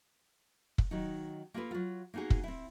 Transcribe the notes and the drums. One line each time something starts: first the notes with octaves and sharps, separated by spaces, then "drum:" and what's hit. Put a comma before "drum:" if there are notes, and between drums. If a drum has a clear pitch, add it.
drum: kick
D#3 F#3 D#4
A#3 F4 G#4 A4 B4
F#3 F4
A#3 B3 D#4 F#4 G#4
drum: kick
C4 E4